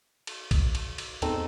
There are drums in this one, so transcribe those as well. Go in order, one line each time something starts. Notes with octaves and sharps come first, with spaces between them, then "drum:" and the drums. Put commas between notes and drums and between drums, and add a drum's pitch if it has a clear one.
drum: cymbal
drum: kick A#1, cymbal
drum: cymbal
drum: cymbal
E2 C4 D#4 A4, drum: cymbal